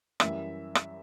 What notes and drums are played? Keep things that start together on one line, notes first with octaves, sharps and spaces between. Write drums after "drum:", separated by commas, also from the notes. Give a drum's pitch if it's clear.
F#2 E3 G3 E5, drum: rim click
drum: rim click